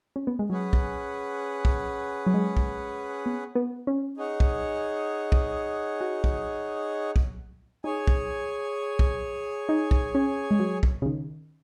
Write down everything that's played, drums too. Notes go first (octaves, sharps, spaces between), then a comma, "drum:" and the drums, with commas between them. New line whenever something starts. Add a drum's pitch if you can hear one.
C#4
B3
G#3
F#3 C#4 G#4 B4 F#5
drum: kick
drum: kick
F#3
G#3
drum: kick
B3
B3
C#4
D#4 G#4 C#5 F#5
drum: kick
drum: kick
F#4
drum: kick
drum: kick
D#4 G#4 C#5 G#5
drum: kick
drum: kick
D#4
drum: kick
C#4
G#3
F#3
drum: kick
C#3
D#3